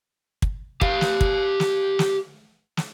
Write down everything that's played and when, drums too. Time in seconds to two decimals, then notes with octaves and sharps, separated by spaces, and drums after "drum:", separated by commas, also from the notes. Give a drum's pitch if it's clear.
0.42 drum: kick
0.81 G4 F5, drum: kick
1.01 drum: snare
1.21 drum: kick
1.60 drum: snare
1.99 drum: snare
2.77 drum: snare